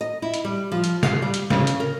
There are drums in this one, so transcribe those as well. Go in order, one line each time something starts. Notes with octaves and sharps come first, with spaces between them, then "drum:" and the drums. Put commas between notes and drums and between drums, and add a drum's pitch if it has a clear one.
D#5
E4
drum: hi-hat
G3
F3
drum: hi-hat
F5, drum: snare
G3
drum: hi-hat
C#3, drum: snare
drum: hi-hat
A#4